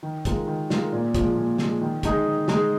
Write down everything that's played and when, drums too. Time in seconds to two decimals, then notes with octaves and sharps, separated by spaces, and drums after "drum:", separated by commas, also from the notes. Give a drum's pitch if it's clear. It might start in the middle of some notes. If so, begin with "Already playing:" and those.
0.03 D#3
0.25 G#3 F4 A#4, drum: kick, hi-hat
0.47 D#3
0.70 G#3 F4 A#4, drum: snare
0.93 A#2
1.15 F3 G#3, drum: kick, hi-hat
1.37 A#2
1.58 F3 G#3, drum: snare
1.81 D#3
2.03 G#3 D#4 G#4, drum: kick, hi-hat
2.26 D#3
2.48 G#3 D#4 G#4, drum: snare